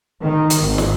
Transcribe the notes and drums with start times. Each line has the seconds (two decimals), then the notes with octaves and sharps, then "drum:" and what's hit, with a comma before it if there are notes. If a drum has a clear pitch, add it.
0.22 D#3
0.50 drum: hi-hat
0.61 G#1
0.78 drum: snare